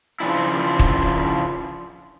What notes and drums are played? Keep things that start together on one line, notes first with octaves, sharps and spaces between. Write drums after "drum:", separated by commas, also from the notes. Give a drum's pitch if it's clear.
C#3 F3 G3 D4 E4
drum: kick